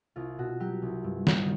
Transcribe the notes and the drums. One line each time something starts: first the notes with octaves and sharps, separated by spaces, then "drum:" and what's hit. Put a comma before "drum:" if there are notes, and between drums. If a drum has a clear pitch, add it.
C2 F4
B2 F#4
F#3 G4
C2
G2
D#3, drum: snare